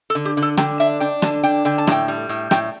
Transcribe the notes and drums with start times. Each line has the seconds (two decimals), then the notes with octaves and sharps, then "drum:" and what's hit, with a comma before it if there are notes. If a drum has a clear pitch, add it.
0.10 A4
0.15 D3
0.25 G4
0.37 D3
0.42 A4
0.57 D3 G5, drum: rim click
0.80 D4 E5
1.00 D4 G5
1.22 D3 A5, drum: rim click
1.43 D4 G5
1.65 D3 G5
1.78 A5
1.87 A2 G5, drum: rim click
2.08 G3
2.29 A2
2.51 A2 G5, drum: rim click